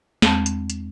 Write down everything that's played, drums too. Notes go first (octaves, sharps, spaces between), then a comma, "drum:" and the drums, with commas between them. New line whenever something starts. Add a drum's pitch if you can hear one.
E2 G#3 C4 A5, drum: snare
drum: hi-hat
drum: hi-hat